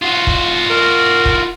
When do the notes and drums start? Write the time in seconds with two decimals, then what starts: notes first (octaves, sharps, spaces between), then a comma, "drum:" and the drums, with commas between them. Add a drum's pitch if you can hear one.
0.02 F4 F#4
0.27 drum: kick
0.70 A#4
1.26 drum: kick